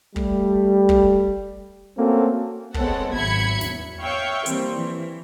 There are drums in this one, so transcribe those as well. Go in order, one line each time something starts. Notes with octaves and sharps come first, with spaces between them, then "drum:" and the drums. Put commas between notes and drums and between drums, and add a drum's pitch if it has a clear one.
G3 A3, drum: kick
drum: kick
A3 A#3 C4 C#4 F#4 A4
G#3 B3 C4 A4 C#5 F#5, drum: kick
G#1 F#3 E5 B5 G#6 C#7
E2, drum: snare
C#5 E5 F5 G5 C#6
E3 G3 A#3 C4, drum: hi-hat
E3